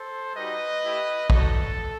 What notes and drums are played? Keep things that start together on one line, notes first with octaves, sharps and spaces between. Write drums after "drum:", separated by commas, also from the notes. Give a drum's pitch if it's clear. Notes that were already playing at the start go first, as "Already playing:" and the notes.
Already playing: A4 C5
G3 D#4 F#4 B4 D#5
A3 E4 G4
B3 D#4 F#4 A4, drum: kick